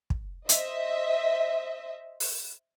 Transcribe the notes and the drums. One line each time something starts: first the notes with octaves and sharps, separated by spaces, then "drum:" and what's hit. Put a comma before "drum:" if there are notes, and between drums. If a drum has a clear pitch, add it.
drum: kick
C5 D#5 E5, drum: hi-hat
drum: open hi-hat